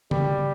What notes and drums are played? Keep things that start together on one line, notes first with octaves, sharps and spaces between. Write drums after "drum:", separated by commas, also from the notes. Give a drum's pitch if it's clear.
G3, drum: tom C#3